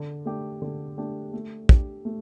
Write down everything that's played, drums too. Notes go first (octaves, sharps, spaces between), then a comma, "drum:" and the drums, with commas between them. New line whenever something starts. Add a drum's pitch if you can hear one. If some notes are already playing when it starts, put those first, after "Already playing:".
Already playing: D3
A3 D4 G4
D3
A3 D4 G4
A3
D4 G4, drum: kick
A3